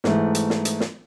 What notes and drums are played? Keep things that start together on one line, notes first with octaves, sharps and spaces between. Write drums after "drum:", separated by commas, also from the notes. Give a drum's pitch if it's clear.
G#2 E3 A3, drum: snare
drum: hi-hat
drum: snare
drum: hi-hat
drum: snare